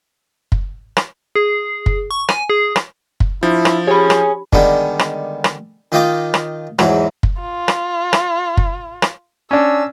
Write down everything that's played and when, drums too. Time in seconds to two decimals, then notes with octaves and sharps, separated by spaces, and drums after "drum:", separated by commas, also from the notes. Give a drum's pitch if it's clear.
0.52 drum: kick
0.97 drum: rim click
1.35 G#4
1.86 drum: kick
2.11 C#6
2.29 G#5, drum: rim click
2.50 G#4
2.76 drum: rim click
3.20 drum: kick
3.43 F3 D4 E4
3.65 drum: rim click
3.87 G4 G#4 C#5 G#5 B5
4.10 drum: rim click
4.53 D3 D#3 G3 G#3 B3, drum: kick
4.99 drum: rim click
5.44 drum: rim click
5.92 D#3 F4 D#5 G5 D6
6.34 drum: rim click
6.79 E2 G#2 E3 F#3, drum: rim click
7.23 drum: kick
7.41 F4
7.68 drum: rim click
8.13 drum: rim click
8.57 drum: kick
9.02 drum: rim click
9.51 C#4 D4 E6